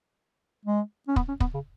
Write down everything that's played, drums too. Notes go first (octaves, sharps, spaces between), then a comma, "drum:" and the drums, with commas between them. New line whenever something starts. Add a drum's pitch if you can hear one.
G#3
C#4
B3, drum: kick
C#4
B3, drum: kick
C#3